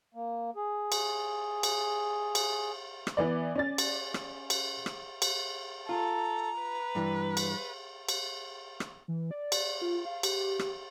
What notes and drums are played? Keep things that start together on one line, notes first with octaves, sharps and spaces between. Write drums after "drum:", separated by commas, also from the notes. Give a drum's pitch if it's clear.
A#3
G#4
drum: cymbal
drum: cymbal
drum: cymbal
drum: rim click
E3 B3 D5
C#4 D5 A6
drum: cymbal
drum: rim click
drum: cymbal
drum: rim click
drum: cymbal
F4 A4 A#5
B4
G2 E3
drum: cymbal
drum: cymbal
drum: rim click
E3
D5
drum: cymbal
F4
F5
G4, drum: cymbal
drum: rim click